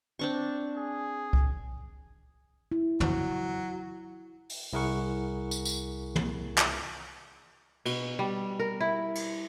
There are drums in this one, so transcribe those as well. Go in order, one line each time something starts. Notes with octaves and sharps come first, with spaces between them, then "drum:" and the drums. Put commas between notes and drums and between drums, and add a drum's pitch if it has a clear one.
C4 D4 C#6
G#4
drum: kick C2
E4
F#3, drum: tom F2
drum: open hi-hat
C2 E4 G#4 A#4 F#5 C#6
drum: tambourine
drum: tambourine
drum: tom
drum: clap
B2, drum: cymbal
G3
A#4
E4
drum: cymbal